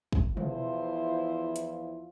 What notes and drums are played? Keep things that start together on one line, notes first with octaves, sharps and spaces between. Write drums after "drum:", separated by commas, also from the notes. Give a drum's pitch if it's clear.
drum: kick
E2 F3 E4 F4 C5, drum: tom
drum: hi-hat